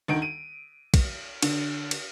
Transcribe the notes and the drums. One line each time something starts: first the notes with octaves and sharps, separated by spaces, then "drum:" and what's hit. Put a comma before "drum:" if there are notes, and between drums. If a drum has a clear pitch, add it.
D2 D#3 D7
D#7
drum: kick, cymbal
D3, drum: cymbal
drum: cymbal